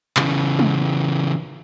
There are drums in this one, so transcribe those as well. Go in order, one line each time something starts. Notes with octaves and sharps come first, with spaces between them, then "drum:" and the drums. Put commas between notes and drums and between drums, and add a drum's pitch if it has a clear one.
C#3 E3, drum: clap
drum: tom G3